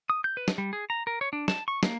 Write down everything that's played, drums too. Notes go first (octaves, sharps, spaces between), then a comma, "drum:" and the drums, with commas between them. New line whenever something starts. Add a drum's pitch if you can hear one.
D#6
G6
B4
drum: snare
G3
G#4
A#5
A#4
C#5
D4
A5, drum: snare
C#6
A#3, drum: snare